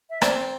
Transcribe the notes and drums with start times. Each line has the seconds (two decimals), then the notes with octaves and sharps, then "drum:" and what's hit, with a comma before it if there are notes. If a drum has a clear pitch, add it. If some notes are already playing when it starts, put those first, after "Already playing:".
0.10 E5
0.22 C4 D5, drum: rim click